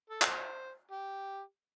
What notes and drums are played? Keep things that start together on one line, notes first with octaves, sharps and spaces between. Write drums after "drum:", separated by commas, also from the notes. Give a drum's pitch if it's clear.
A4
F4 A4 C5, drum: clap
G4